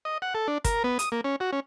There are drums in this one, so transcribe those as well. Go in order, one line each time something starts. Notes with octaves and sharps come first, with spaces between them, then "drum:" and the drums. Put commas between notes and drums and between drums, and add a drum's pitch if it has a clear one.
D#5
F#5
A4
D4
A#4, drum: kick, hi-hat
B3
D#6, drum: hi-hat
A#3
C#4
F#4
C#4